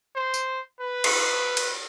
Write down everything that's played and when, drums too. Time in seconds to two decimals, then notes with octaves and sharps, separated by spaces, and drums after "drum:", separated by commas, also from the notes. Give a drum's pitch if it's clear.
0.16 C5
0.34 drum: tambourine
0.80 B4
1.04 drum: cymbal
1.57 drum: cymbal